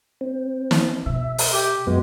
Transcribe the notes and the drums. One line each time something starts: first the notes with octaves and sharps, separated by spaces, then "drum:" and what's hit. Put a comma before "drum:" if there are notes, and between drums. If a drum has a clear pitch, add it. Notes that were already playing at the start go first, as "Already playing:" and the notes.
C4
drum: snare
B2 E5
drum: open hi-hat
G4
F#2 G#3 B3 F#4